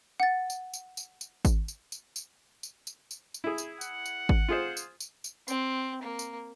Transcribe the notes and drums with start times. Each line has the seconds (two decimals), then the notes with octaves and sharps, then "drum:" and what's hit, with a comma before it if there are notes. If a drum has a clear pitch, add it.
0.20 F#5 A6
0.50 drum: tambourine
0.73 drum: tambourine
0.97 drum: tambourine
1.21 drum: tambourine
1.45 drum: kick G#1, tambourine
1.68 drum: tambourine
1.92 drum: tambourine
2.16 drum: tambourine
2.63 drum: tambourine
2.87 drum: tambourine
3.11 drum: tambourine
3.34 drum: tambourine
3.44 E4 G#4
3.58 drum: tambourine
3.81 F#5, drum: tambourine
4.06 drum: tambourine
4.29 drum: kick G#1
4.49 F4 G#4 C5
4.77 drum: tambourine
5.00 drum: tambourine
5.24 drum: tambourine
5.48 C4, drum: tambourine
6.02 A#3
6.19 drum: tambourine